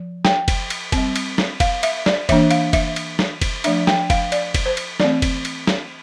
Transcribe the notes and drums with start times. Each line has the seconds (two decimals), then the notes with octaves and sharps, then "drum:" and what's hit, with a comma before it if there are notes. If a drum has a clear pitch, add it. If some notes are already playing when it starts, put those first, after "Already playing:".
Already playing: F3
0.25 G5, drum: snare
0.48 drum: kick F#1, cymbal
0.70 drum: cymbal
0.92 C4, drum: kick F#1, cymbal
0.98 G3
1.16 drum: cymbal
1.38 drum: snare
1.60 F5, drum: kick F#1, cymbal
1.83 E5, drum: cymbal
2.06 D5, drum: snare
2.29 E3 A#3 D4 E5, drum: kick F#1, cymbal
2.51 F5, drum: cymbal
2.73 E5, drum: kick F#1, cymbal
2.96 drum: cymbal
3.19 drum: snare
3.41 drum: kick F#1, cymbal
3.64 F3 A3 D4 E5, drum: cymbal
3.87 G5, drum: snare
4.10 F5, drum: kick F#1, cymbal
4.32 D5, drum: cymbal
4.54 drum: kick F#1, cymbal
4.66 C5
4.77 drum: cymbal
5.00 E3 A3 C4 D5, drum: snare
5.22 drum: kick F#1, cymbal
5.45 drum: cymbal
5.67 drum: snare